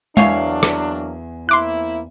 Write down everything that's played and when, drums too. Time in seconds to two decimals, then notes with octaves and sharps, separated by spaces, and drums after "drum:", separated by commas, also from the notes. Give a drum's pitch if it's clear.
0.17 E2 F#3 A#3 D4 C#5 F5, drum: tom G#3
0.63 drum: rim click
1.49 A#3 C4 E4 C6 D6 F#6